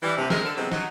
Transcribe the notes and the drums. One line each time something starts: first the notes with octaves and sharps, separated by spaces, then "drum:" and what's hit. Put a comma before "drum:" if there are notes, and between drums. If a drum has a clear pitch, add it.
E3 G3
D2 C3
G#3 C4 A#4, drum: snare
D3 A4
C3 E3 F#3 G#3 B3 C4
F#3 D#4 F#4, drum: snare